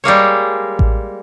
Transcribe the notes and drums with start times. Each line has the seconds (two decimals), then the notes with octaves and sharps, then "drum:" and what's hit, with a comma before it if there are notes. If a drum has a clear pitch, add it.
0.04 G3 G#3 A#3 C#5
0.79 drum: kick A1